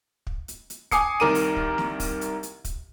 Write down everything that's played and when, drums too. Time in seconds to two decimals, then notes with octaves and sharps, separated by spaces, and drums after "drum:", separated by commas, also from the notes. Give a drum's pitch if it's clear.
0.27 drum: kick
0.48 drum: hi-hat
0.70 drum: hi-hat
0.91 G#5 D6 D#6 C7 C#7, drum: kick, hi-hat
1.20 C2 D#3 A#4 D6 D#7
1.35 drum: open hi-hat
1.56 drum: kick
1.78 drum: snare
2.00 drum: kick, open hi-hat
2.21 drum: hi-hat
2.43 drum: hi-hat
2.65 drum: kick, hi-hat